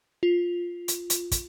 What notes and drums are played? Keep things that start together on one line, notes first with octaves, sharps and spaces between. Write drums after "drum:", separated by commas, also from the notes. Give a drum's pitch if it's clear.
F4
drum: hi-hat
drum: hi-hat
drum: kick, hi-hat